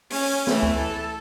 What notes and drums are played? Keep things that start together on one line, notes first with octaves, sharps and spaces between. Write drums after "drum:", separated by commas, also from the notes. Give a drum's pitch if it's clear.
C#4, drum: open hi-hat
E3 A3, drum: snare
drum: kick C#2
A4